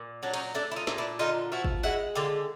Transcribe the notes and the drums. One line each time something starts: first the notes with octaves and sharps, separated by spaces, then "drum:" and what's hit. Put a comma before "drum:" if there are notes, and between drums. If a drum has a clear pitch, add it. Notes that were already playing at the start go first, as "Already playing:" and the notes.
Already playing: A#2
F#3 D4
C#4 D#4, drum: cymbal
A3 D4 E4
E4
D#4 F4
A#2, drum: snare
D4 E4
D3 D#4 F4
F3 E4 F#4
drum: kick
G#3 E4 F#4
D3 F4 G4